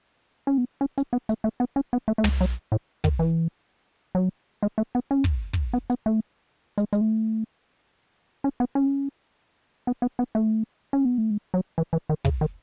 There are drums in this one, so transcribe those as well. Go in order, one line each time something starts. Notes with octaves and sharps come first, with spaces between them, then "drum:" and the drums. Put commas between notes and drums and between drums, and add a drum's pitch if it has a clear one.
C#4
B3
C#4
C#4, drum: hi-hat
B3
A3, drum: hi-hat
A3
B3
C#4
B3
A3
A3
G#3, drum: tom
F#3
A2
D#3, drum: kick
E3
F#3
G#3
A3
B3
C#4
drum: kick
drum: kick
B3
B3, drum: hi-hat
A3
G#3, drum: hi-hat
G#3, drum: hi-hat
A3
C#4
B3
C#4
B3
B3
B3
A3
C#4
B3
A3
G#3
F#3
E3
E3
D#3
C#3, drum: kick
D#3